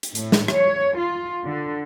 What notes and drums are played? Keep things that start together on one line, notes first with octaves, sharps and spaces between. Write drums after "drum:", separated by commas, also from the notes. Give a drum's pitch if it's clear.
drum: hi-hat
A2, drum: hi-hat
drum: snare
C#5, drum: rim click
F4
D3